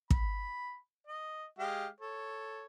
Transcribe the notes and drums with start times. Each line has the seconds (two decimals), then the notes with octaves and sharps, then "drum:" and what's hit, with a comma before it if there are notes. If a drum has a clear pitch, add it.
0.10 B5, drum: kick
1.07 D#5
1.59 G#3 G4 F5
2.00 A4 C#5